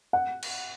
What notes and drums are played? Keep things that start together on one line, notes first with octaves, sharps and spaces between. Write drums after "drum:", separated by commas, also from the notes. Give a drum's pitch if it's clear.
F#5
drum: cymbal